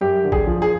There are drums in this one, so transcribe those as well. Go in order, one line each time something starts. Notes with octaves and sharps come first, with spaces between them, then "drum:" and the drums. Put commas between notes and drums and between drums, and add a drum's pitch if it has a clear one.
F#2 G4
D3
G#4, drum: kick A1
F3
G#4